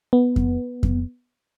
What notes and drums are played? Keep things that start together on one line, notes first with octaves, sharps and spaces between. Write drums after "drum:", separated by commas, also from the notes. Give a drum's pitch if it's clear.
B3
drum: kick F2
drum: kick F2